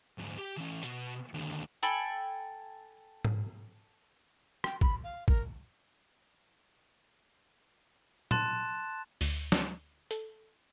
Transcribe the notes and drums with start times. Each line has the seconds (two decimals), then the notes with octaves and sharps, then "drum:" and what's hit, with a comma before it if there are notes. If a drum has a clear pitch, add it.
0.18 D2 G#2
0.38 G4 G5
0.57 E3 C#4
0.83 B2, drum: hi-hat
1.34 D#2 D3
1.83 A4 G5 G#5 B5
3.25 drum: tom G#2
4.64 G5, drum: rim click
4.81 B5, drum: kick
5.04 F5
5.28 A#4, drum: kick
8.31 A5 C6 F#6 A6 E7, drum: tom A#2
9.21 D2, drum: open hi-hat
9.52 drum: snare
10.11 A4, drum: hi-hat